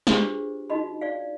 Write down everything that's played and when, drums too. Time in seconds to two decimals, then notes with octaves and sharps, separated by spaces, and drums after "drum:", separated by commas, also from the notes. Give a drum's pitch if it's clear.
0.07 D4 F4 G4 G#4 B4 C5, drum: snare
0.70 D#4 F4 F#4 D#5 B5
1.01 D5 F5